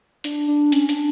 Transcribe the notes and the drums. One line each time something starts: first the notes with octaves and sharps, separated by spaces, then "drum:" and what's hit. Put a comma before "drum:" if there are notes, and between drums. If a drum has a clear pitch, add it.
D4, drum: hi-hat
D4
C#4, drum: hi-hat
D4, drum: hi-hat